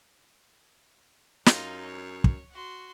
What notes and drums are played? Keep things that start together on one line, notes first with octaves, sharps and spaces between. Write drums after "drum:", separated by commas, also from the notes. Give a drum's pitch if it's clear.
F#2 D#4 F4, drum: snare
C#5
drum: kick
F#4 C6